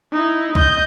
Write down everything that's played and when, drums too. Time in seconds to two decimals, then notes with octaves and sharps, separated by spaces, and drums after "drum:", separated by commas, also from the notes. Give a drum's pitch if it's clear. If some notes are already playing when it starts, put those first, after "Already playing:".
0.12 D#4 E4
0.55 D#5 G6, drum: kick C#2